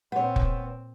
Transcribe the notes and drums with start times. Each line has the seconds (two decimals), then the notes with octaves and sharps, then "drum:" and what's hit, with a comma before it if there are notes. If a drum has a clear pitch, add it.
0.12 A#2 B3 C4 C#5 F#5
0.36 drum: kick